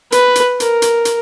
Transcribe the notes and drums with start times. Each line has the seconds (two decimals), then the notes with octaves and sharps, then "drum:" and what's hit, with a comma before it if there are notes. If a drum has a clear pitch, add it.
0.12 B4, drum: hi-hat
0.35 drum: hi-hat
0.60 A#4, drum: hi-hat
0.82 drum: hi-hat
1.05 drum: hi-hat